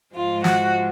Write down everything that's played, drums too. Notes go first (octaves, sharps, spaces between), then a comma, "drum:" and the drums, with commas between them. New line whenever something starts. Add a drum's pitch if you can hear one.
G#2 F3 G#3 F4
F#4, drum: snare